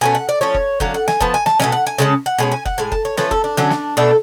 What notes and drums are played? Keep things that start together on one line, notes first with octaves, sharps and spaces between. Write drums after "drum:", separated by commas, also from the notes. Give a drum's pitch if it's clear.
B2 A3 C#4 G#5
F#5
D5
F3 A3 C#4 C#5
drum: kick F#1
D3 F#3 C#4 F5, drum: kick F#1
F#5
G#5, drum: snare
F3 B3 A5, drum: kick F#1
G#5
A5, drum: snare
B2 A3 C#4 G#5, drum: snare
F#5
G#5
C#3 G#3 C#4 A5
F#5
B2 G#3 C#4 G#5
G#5
F#5, drum: kick F#1
A2 G#3 G#5
A5, drum: kick F#1
C#5
F3 A3 C#4 B4, drum: snare
A4, drum: kick F#1
D4
D3 F#3 C#4, drum: snare
drum: snare
B2 A3 D4 A4